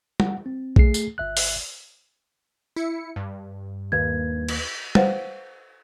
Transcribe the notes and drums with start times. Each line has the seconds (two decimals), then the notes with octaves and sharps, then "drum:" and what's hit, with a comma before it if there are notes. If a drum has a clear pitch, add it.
0.20 F#5, drum: tom
0.46 C4
0.76 A3 G#4 C7, drum: kick A#1
0.94 drum: tambourine
1.18 G1 E5 F#6
1.37 drum: open hi-hat
2.76 E4 C#7
3.16 G2
3.92 D#2 A#3 B4 G#6
4.49 drum: cymbal
4.95 B4 C5 F5 F#5, drum: tom